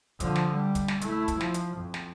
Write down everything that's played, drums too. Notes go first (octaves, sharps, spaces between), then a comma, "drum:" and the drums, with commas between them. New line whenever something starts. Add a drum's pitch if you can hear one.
D3 F3, drum: kick, hi-hat
drum: snare
G3
drum: kick, hi-hat
drum: snare
A3 E4, drum: hi-hat
drum: kick, hi-hat
F3, drum: snare
drum: hi-hat
F2
drum: snare